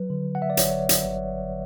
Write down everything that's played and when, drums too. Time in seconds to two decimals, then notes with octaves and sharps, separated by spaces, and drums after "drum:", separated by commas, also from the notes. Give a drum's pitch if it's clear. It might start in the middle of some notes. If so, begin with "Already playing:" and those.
Already playing: F#3 B4
0.10 D3
0.35 F#5
0.42 E5
0.50 D5
0.57 G1 C#5, drum: hi-hat
0.89 drum: hi-hat
1.05 G1